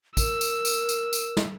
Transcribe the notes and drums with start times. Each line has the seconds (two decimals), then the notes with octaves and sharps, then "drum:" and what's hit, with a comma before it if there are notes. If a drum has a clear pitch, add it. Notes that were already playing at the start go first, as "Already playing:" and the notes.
0.17 A#4 E6, drum: kick, tambourine
0.41 drum: tambourine
0.65 drum: tambourine
0.89 drum: tambourine
1.13 drum: tambourine
1.37 drum: snare